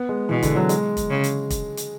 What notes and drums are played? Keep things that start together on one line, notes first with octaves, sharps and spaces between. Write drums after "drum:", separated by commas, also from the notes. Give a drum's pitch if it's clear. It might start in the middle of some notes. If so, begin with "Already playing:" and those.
Already playing: B3
G#3
B2 E3
D3, drum: kick, hi-hat
F#3
G#3, drum: hi-hat
drum: kick, hi-hat
C#3
drum: hi-hat
drum: kick, hi-hat
drum: hi-hat